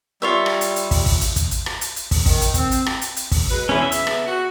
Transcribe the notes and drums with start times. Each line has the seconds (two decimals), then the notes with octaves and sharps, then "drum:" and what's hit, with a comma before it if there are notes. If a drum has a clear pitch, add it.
0.22 G3 F4 C#5 E5
0.46 drum: rim click
0.61 drum: hi-hat
0.76 drum: hi-hat
0.91 drum: kick, open hi-hat
1.06 drum: kick, open hi-hat
1.21 drum: hi-hat
1.36 drum: kick, hi-hat
1.51 drum: hi-hat
1.66 drum: rim click
1.81 drum: hi-hat
1.96 drum: hi-hat
2.11 drum: kick, open hi-hat
2.26 D#3, drum: kick, open hi-hat
2.41 drum: hi-hat
2.54 C4, drum: kick, hi-hat
2.71 drum: hi-hat
2.86 drum: rim click
3.01 drum: hi-hat
3.16 drum: hi-hat
3.32 drum: kick, open hi-hat
3.50 F#3 G#3 B4
3.69 E2 C#4 E4
3.82 E5
3.92 drum: hi-hat
4.07 C#3 B3, drum: rim click
4.26 F#4